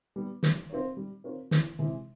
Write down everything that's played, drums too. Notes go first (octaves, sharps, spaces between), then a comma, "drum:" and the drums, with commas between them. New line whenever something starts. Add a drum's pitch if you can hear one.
G3 B3
G3, drum: snare
C4 F4 A#4 C#5
G3
C4 F4 A#4 C#5
E2, drum: snare
C3 E3 G#3